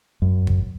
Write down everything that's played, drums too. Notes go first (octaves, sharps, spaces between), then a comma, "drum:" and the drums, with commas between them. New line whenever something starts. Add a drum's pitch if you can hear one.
F#2
drum: kick